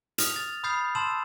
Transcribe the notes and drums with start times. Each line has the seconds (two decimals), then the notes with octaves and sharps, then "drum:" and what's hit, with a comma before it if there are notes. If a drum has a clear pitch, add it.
0.18 D#6 F6 F7, drum: hi-hat
0.36 A6 F7
0.64 B5 D#6 F6 G6 A6 C7
0.95 A5 C6 E6 E7 F#7